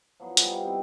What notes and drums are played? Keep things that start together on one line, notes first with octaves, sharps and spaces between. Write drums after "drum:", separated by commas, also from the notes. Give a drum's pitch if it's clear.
F3 F#3 B3
G3 F4 G#4 F5, drum: hi-hat
D#4 E4 G4 E5
C4 C5